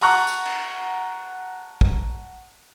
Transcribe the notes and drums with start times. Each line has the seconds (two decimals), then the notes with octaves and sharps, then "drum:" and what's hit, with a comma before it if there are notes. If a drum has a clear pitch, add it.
0.01 F#5 A5 A#5 C#6 F#6, drum: open hi-hat
0.27 drum: tambourine
0.45 drum: cymbal
1.81 drum: kick